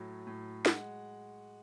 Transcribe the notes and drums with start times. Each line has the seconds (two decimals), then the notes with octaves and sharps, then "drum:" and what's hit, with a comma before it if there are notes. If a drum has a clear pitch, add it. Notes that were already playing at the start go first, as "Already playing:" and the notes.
Already playing: A2 F#3 A3
0.27 A2
0.66 G#3 F#5, drum: snare